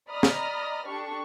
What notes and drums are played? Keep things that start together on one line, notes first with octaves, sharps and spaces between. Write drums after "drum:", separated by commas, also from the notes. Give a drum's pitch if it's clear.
D5 D#5 A#5 B5 D#6 F6
drum: snare
D4 G4 A4 C#6